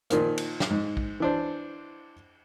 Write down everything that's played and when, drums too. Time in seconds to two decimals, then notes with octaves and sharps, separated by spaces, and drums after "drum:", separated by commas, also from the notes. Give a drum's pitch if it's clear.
0.10 A#2 D#3 F3 A#3, drum: hi-hat
0.37 drum: cymbal
0.60 drum: snare
0.70 G#2
0.97 drum: kick
1.20 E3 D4 C5